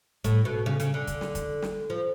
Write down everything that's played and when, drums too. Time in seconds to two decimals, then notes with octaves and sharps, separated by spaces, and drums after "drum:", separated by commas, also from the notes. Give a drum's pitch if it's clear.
0.24 A2, drum: kick, hi-hat
0.45 B2
0.66 C#3
0.80 C#3, drum: hi-hat
0.94 D3
1.07 drum: kick, hi-hat
1.21 drum: snare
1.35 drum: kick, hi-hat
1.62 drum: snare
1.90 F3